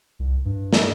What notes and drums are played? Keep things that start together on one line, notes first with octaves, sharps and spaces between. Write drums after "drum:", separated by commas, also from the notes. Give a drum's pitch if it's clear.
C2
G2
drum: snare